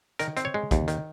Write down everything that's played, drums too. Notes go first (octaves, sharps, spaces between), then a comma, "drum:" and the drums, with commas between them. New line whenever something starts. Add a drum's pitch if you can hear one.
D#3 A#4, drum: hi-hat
C4, drum: hi-hat
C#5
G#3
D#2, drum: kick, hi-hat
D#3, drum: hi-hat